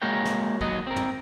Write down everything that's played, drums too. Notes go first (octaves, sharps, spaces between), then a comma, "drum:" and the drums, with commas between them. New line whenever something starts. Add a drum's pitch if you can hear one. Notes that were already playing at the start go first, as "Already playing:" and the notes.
G#3 A#3 F#4 A#4 C#5 G5
drum: snare
D#2 F#3 F#4 D#5, drum: kick
C4 A#4
drum: tom